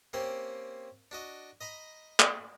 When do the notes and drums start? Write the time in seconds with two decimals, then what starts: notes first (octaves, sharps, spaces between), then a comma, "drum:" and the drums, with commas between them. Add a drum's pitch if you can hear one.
0.13 A#3 C4 C#4 G4 C5
1.11 D4 F#4 D#5
1.61 D#5 A#5 B5
2.20 drum: clap